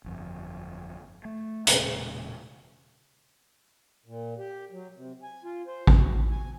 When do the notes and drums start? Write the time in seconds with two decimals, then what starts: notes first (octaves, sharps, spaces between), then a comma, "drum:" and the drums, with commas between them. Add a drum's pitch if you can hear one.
0.04 G1 F2
1.25 A3
1.67 E1 A#2 C#3 G#3, drum: hi-hat
4.06 A#2
4.38 G4
4.72 F#3
4.95 C3
5.23 G#5
5.44 F4
5.67 C5
5.87 drum: kick A1
5.98 F#4
6.30 G#5